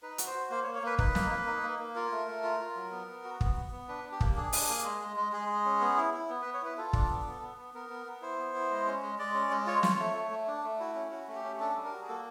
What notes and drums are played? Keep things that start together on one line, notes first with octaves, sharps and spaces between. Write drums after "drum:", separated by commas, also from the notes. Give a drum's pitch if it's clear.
D#4 B4
F#4, drum: hi-hat
C5
F#4
A#3 C5
C#5
A#3
C#5
A#3 B4
D#4 B4, drum: kick
A#3, drum: snare
A#3
D#4
A#3
A#3
F4 A#4
A3
A3
F4
F4
F#3
B3
B3
F#4
B3, drum: kick
B3
B3
D4 B4
D4
G4
A#3, drum: kick
D4 G#4
D4, drum: open hi-hat
A#3
G#3
G#3
G#3
G#3 G#4
G#3
C#4
B3
E4
E4
B3
B4
B3
C#5
E4 B4
F4 A4
D4, drum: kick
B3
B3
B3
B3
B3 A#4
B3
B3
E4 C5
B3
E4
G#3
C#4
G#3
G#3 D5
C#4
G#3
F4 C#5
F4, drum: snare
A3
A3
A3
D4
A3
E4 F#4
C#4
C#4 F#4
A3 F#4
G4
C#4
D4 A4
G3
A#4
F#4
G#4
A#3 A4